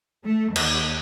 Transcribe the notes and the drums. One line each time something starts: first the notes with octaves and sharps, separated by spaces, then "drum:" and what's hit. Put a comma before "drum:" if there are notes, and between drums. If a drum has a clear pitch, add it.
A3
D#2, drum: cymbal